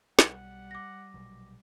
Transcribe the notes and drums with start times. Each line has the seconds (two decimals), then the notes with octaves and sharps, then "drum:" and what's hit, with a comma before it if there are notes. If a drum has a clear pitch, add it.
0.19 B1 G3 F#5, drum: snare
0.71 D6 A#6
1.14 A#1 B2 F#3